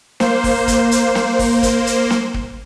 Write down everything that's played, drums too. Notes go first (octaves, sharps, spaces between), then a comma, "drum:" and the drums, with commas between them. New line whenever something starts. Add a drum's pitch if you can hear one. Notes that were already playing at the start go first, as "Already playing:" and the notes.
A#3 C5, drum: snare
drum: kick, open hi-hat
drum: kick, hi-hat
drum: hi-hat
drum: snare
drum: kick, open hi-hat
drum: kick, hi-hat
drum: hi-hat
drum: snare
drum: kick